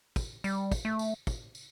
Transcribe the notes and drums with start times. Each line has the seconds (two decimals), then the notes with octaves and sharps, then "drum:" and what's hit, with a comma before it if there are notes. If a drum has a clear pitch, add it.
0.16 drum: kick, tambourine
0.44 G3, drum: tambourine
0.72 drum: kick, tambourine
0.85 A3
0.99 drum: tambourine
1.27 drum: kick, tambourine
1.55 drum: tambourine